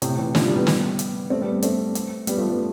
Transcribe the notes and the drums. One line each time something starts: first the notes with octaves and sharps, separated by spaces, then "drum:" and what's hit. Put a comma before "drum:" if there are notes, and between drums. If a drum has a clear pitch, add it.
A2 C3, drum: hi-hat
C3 E3
D3 F3, drum: snare
E3 G3
G3 B3
drum: snare
drum: hi-hat
A3 C4
G3 B3
A3 C4, drum: hi-hat
drum: hi-hat
G3 B3, drum: hi-hat
F3 A3
G3 B3